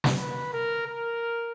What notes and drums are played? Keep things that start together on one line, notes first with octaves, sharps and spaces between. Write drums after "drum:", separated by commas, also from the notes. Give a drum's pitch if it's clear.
drum: snare
B4
A#4
A#4